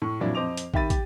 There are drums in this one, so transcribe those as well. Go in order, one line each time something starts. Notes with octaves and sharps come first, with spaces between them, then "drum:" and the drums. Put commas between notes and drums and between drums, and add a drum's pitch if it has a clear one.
A2 C#6
F2 A#2 F#3 D4 E4
F2 C5 D#5 D6 F7
drum: hi-hat
D#3 G4 E5 B5 A6 D#7, drum: kick
G4, drum: kick, hi-hat